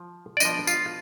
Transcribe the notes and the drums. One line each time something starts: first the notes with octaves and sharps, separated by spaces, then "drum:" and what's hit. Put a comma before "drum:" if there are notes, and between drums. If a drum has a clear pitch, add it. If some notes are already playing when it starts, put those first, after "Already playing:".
Already playing: F3
D5
F3 B3 D4 D#5, drum: tambourine
F4, drum: tambourine